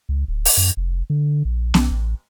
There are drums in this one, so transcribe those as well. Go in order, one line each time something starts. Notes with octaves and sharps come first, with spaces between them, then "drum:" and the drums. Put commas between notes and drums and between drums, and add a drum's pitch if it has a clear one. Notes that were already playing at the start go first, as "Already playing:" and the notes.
C#2
D1
drum: open hi-hat
F#2
F1
D3
A#1
B1, drum: snare B3
A1